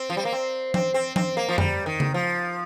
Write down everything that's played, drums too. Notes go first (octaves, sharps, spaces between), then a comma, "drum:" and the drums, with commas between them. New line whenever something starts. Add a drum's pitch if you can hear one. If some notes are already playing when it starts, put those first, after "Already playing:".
Already playing: C4
F3
G3
A#3
C4
C4, drum: tom F3
C4
C4, drum: tom F3
A#3
F3
G3, drum: tom F2
D#3
drum: tom C#3
F3